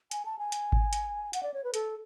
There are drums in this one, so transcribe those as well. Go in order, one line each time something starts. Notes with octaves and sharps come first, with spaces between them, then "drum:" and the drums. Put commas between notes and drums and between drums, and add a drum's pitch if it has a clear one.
G#5, drum: hi-hat
A5
G#5
drum: hi-hat
drum: kick G#1
drum: hi-hat
F#5, drum: hi-hat
D5
C#5
B4
A4, drum: hi-hat